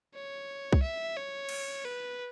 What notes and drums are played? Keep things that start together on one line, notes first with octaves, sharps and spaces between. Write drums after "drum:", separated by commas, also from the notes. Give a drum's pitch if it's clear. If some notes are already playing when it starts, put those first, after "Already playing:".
C#5
drum: kick C2
E5
C#5
drum: cymbal
B4